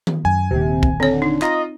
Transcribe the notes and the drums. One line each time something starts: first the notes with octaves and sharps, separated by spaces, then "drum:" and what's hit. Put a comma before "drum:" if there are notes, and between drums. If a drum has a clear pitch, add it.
drum: tom D#3
F#2 G#5
D#1 D#2 C3
drum: kick
D3 C4 C#5
D#4
F4 D#5 A#5, drum: clap